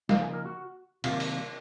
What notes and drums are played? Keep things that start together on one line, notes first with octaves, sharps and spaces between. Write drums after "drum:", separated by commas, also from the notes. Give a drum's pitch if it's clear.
C#3 F3 A#3 D#4 F5, drum: snare
G#5
A#4
F#4
C3 D#3 F#3 A#3 F4, drum: cymbal
drum: open hi-hat